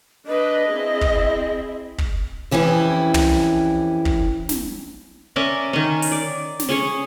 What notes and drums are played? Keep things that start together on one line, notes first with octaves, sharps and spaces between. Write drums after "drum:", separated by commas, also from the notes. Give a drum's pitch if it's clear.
D4 B4 D#5
C4 E4 G#4
drum: kick
drum: kick
F2 E3 C#4 E4 G4
drum: tom
drum: kick
drum: snare
C#4 A#4 D5 E5
D#3 C#4
drum: open hi-hat
D5
drum: snare
C#4 G#4 C#5